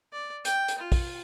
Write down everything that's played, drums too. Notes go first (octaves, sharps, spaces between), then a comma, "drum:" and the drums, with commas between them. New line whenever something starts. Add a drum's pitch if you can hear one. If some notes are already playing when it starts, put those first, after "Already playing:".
D5
G5, drum: hi-hat
drum: hi-hat
F4
drum: kick, open hi-hat